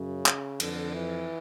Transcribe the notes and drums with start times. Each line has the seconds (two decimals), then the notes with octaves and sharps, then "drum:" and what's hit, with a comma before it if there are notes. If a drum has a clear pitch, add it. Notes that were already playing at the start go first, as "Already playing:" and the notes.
Already playing: F#2 C#3
0.26 drum: clap
0.60 F2 D3, drum: cymbal
0.94 E3